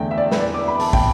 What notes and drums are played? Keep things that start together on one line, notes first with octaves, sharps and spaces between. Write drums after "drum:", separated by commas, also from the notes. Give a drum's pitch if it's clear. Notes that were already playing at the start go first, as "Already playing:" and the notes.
Already playing: E2 D3 A3 D4 G5
E5
D5
B4, drum: snare
D5
D6
B5
A5, drum: open hi-hat
G5, drum: kick